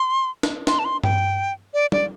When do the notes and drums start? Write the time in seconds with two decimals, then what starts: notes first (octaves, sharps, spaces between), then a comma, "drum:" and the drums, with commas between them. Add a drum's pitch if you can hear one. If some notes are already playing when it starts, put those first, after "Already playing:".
Already playing: C6
0.43 drum: snare
0.67 C6, drum: snare
0.79 A5
0.85 C6
1.04 G5, drum: tom G2
1.74 D5
1.92 D5, drum: tom F#3